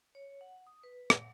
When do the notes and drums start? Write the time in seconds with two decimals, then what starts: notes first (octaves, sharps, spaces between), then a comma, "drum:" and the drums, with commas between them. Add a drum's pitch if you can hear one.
0.15 C#5
0.41 F#5
0.67 D#6
0.83 B4
1.10 F#5, drum: rim click